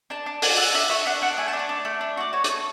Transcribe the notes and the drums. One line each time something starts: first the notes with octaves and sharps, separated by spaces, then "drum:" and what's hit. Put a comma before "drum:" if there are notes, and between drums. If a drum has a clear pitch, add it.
D4 A5
D4
D4 G#5, drum: open hi-hat
A4 F#5
D4 E5
F#4 E5
D4 F#5
D4 F#5
F#5
A3 G#5
A5
D4
D5
D4
A3
D4
F#4 D5
F#4 C#5
D5, drum: hi-hat
A4 C#5